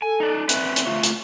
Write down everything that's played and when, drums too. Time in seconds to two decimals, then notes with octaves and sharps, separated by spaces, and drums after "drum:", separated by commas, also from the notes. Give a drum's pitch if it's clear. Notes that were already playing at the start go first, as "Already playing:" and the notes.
0.02 A4 G#5
0.20 D#4 D5
0.49 C4 C#4 B4 E5, drum: hi-hat
0.76 drum: hi-hat
0.86 A3 F4 C#5
1.03 drum: hi-hat